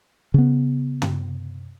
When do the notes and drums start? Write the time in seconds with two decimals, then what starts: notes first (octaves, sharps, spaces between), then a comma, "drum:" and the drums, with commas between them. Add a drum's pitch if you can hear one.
0.34 C#3 B3
1.02 drum: tom